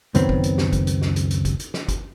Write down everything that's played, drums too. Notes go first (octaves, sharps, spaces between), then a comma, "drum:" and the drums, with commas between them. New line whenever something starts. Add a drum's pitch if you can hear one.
C#2 F#2 D#3 B3 C4, drum: hi-hat
drum: kick
drum: hi-hat
drum: snare
drum: kick, hi-hat
drum: hi-hat
drum: snare
drum: hi-hat
drum: hi-hat
drum: kick, hi-hat
drum: hi-hat
drum: snare
drum: kick, hi-hat